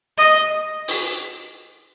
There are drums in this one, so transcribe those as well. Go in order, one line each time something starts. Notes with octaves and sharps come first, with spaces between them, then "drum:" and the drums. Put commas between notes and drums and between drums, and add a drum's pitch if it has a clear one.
D#5
drum: open hi-hat